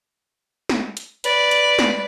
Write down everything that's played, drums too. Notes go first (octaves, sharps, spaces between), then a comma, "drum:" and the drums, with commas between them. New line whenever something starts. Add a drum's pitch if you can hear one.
drum: snare
drum: hi-hat
B4 D5, drum: hi-hat
drum: hi-hat
drum: snare